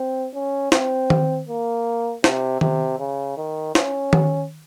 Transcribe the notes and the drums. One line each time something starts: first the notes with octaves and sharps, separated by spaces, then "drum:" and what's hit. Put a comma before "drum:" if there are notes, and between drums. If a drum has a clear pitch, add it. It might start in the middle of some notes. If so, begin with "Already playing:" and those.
Already playing: C4
C#4
C4, drum: snare
drum: tom D#3
A#3
C3, drum: snare
C3, drum: tom D#3
C#3
D#3
C#4, drum: snare
drum: tom D#3